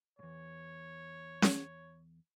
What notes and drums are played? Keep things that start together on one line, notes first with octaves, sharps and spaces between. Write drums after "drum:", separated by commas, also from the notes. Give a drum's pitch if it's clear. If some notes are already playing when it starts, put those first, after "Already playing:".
E2 G#2 C#5
drum: snare C#4